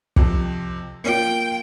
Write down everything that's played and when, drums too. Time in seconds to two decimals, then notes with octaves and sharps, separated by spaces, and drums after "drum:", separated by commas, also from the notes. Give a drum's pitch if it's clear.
0.16 F2 C3, drum: kick
1.04 A#3 F4 G5